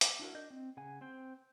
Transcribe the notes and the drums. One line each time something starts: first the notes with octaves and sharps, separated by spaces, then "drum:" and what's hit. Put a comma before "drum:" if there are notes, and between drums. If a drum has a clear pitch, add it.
D6, drum: hi-hat
D4 E4 F#4 A#4
D4 D#5 G6
C4
C#3 F#5 G#5
C4 C5 G5